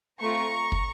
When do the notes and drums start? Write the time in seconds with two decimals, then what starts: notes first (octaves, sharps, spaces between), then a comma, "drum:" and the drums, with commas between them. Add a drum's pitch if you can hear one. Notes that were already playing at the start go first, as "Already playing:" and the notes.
0.21 A3 C4 F4 A#5 C#6
0.72 drum: kick